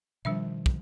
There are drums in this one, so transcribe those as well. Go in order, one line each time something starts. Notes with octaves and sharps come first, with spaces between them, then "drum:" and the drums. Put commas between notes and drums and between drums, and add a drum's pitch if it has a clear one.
B2 D#3 F3 G3 D4 E5
drum: kick